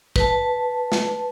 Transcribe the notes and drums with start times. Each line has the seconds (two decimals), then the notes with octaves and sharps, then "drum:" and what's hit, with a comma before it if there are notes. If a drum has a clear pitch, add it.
0.16 B4 A5, drum: kick
0.92 drum: snare